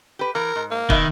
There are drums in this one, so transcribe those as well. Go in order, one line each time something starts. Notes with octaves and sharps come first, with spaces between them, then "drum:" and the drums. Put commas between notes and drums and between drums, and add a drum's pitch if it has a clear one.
G4 B4
E3 A#4
G#2
A#3
B2 D#3 E5, drum: kick